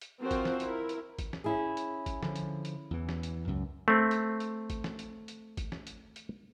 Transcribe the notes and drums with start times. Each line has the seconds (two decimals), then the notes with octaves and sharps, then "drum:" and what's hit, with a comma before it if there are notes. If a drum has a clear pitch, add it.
0.01 drum: hi-hat
0.21 F3 C4 F4 F#4 A#4 C5
0.31 drum: kick A1, hi-hat
0.45 drum: snare
0.60 E4 A#4, drum: hi-hat
0.89 drum: hi-hat
1.19 drum: kick A1, hi-hat
1.33 drum: snare
1.44 C#4 E4 G#4
1.77 drum: hi-hat
2.06 drum: kick A1, hi-hat
2.23 D3 F3, drum: snare
2.36 drum: hi-hat
2.65 drum: hi-hat
2.91 E2 E3
3.09 drum: snare
3.23 drum: hi-hat
3.47 C#2 F#2
3.88 A3 C4
4.11 drum: hi-hat
4.40 drum: hi-hat
4.70 drum: kick A1, hi-hat
4.84 drum: snare
4.99 drum: hi-hat
5.28 drum: hi-hat
5.57 drum: kick A1, hi-hat
5.72 drum: snare
5.87 drum: hi-hat
6.16 drum: hi-hat